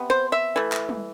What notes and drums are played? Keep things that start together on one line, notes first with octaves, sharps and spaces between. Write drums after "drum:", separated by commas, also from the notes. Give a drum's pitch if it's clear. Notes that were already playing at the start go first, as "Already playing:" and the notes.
Already playing: C3 B3
C5
E5
E3 A3
drum: clap
drum: tom G3